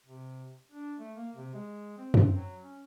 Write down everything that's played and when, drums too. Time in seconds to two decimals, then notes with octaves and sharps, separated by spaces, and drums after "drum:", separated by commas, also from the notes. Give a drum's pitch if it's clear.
0.06 C3
0.72 D4
0.99 A3
1.17 A#3
1.36 C3
1.54 G#3
1.98 C4
2.14 drum: tom F#2
2.36 F#3
2.62 C#4